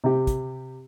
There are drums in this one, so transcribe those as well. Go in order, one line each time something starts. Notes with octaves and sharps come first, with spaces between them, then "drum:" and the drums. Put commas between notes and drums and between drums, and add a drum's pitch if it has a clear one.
C3 G4
drum: kick, hi-hat